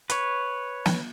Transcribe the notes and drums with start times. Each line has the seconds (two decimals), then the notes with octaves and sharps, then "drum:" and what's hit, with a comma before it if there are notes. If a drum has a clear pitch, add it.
0.10 B4 C#5, drum: hi-hat
0.86 drum: snare